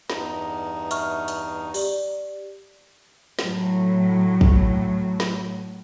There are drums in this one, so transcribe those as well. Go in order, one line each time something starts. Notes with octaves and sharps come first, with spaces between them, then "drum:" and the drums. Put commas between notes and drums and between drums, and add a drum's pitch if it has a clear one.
E2 G2 D#4, drum: snare
E5 C#6 F6, drum: hi-hat
drum: hi-hat
G4 D5, drum: open hi-hat
A2 F#3, drum: snare
drum: kick
drum: snare